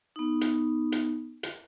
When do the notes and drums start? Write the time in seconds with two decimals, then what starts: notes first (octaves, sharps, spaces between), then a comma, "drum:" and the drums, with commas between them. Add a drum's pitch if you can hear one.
0.16 B3 D#4
0.41 drum: hi-hat
0.92 drum: hi-hat
1.43 drum: hi-hat